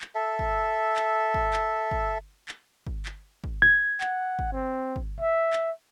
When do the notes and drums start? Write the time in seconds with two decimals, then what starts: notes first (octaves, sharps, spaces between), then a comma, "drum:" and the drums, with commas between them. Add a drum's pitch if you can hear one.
0.01 drum: clap
0.15 A4 E5
0.39 drum: kick
0.96 drum: clap
1.34 drum: kick
1.53 drum: clap
1.91 drum: kick
2.48 drum: clap
2.87 drum: kick
3.06 drum: clap
3.44 drum: kick
3.62 G#6
4.01 F#5, drum: clap
4.39 drum: kick
4.52 C4
4.96 drum: kick
5.20 E5
5.53 drum: clap